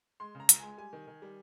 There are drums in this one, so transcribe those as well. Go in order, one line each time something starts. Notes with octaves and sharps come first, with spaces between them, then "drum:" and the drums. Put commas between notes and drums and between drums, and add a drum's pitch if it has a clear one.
G#3 C6
C#3
A#5
C#2, drum: hi-hat
G#3 G#5
G3 G#5
D#3
D#3
G3